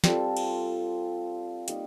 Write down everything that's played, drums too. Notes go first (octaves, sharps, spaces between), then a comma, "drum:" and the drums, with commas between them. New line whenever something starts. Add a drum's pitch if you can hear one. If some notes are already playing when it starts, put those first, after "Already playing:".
G3 C4 F4 A4, drum: snare
drum: cymbal
G3 A#3 D#4, drum: hi-hat